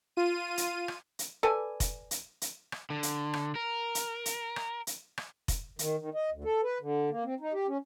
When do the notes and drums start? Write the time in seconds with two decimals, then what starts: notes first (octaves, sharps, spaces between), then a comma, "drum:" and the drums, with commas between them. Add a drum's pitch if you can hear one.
0.17 F4 D#7
0.57 drum: hi-hat
0.88 drum: rim click
1.19 drum: hi-hat
1.43 A4 B4 D5 G#5
1.80 drum: kick F1, hi-hat
2.11 drum: hi-hat
2.41 drum: hi-hat
2.72 drum: rim click
2.90 D3
3.03 drum: hi-hat
3.34 drum: rim click
3.55 A#4
3.95 drum: hi-hat
4.26 drum: hi-hat
4.56 drum: rim click
4.87 drum: hi-hat
5.18 drum: rim click
5.48 drum: kick F1, hi-hat
5.79 D#3, drum: hi-hat
5.99 D#3
6.14 D#5
6.31 D2
6.44 A4
6.63 B4
6.81 D3
7.10 A#3
7.24 C4
7.40 D#4
7.53 G4
7.68 C#4